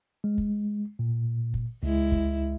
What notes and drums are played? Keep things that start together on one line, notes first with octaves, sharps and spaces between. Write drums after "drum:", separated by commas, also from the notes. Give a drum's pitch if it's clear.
G#3
drum: kick
A#2
drum: kick
C#2 G#3 E4
drum: kick